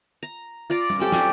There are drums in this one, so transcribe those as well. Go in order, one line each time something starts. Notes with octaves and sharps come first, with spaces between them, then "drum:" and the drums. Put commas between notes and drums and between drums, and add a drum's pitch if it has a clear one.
A#5
F4 D5 A#5
drum: tom G3
C4 C#4 G4 A4
G3, drum: snare